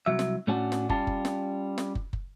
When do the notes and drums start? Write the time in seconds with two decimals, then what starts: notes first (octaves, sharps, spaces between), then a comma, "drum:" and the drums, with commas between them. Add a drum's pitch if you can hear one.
0.06 C2 F#3 E5
0.19 drum: snare
0.47 A2 A3 C#4 D4 F#4 A4
0.72 drum: snare
0.89 G3 C#4 F4 A5, drum: kick
1.07 drum: kick
1.25 drum: snare
1.78 drum: snare
1.95 drum: kick
2.13 drum: kick